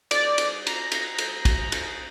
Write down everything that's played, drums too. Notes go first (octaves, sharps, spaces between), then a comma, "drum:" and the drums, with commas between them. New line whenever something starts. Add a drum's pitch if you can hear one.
D5, drum: cymbal
drum: cymbal
A#5, drum: cymbal
drum: cymbal
drum: cymbal
drum: kick, cymbal
drum: cymbal